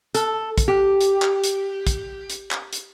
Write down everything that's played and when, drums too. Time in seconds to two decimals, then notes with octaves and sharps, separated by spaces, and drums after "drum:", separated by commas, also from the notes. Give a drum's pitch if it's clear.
0.15 A4, drum: hi-hat
0.58 drum: kick, hi-hat
0.68 G4
1.01 drum: hi-hat
1.22 drum: clap
1.44 drum: hi-hat
1.87 drum: kick, hi-hat
2.30 drum: hi-hat
2.51 drum: clap
2.73 drum: hi-hat